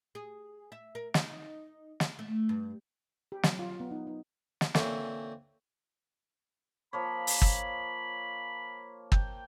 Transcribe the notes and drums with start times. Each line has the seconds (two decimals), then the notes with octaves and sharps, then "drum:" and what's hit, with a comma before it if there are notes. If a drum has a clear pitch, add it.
0.15 G#4
0.72 E5
0.95 A#4
1.14 D#4, drum: snare
2.00 drum: snare
2.19 A3
2.49 G2
3.32 G4
3.43 F#3, drum: snare
3.59 F4
3.80 B3
3.91 D#4
4.07 D#4
4.61 drum: snare
4.75 A#2 D3 E3 C4 C#4, drum: snare
6.93 F3 A#3 C#5 B5
7.27 drum: open hi-hat
7.42 drum: kick
9.12 G5, drum: kick